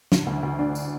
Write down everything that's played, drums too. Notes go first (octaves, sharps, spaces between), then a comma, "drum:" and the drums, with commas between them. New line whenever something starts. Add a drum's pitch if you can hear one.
D3, drum: snare
D2
D2
D4
drum: tambourine